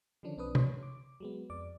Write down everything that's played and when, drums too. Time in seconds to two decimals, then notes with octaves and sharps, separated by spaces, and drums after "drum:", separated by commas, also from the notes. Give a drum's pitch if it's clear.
0.23 D3 D#3 F3 C#4 D4
0.37 B1 C4 D4 B4 D#6
0.55 C#5 C6, drum: tom
0.83 D6
1.20 F#3 G#3 B3
1.50 F2 D5 D6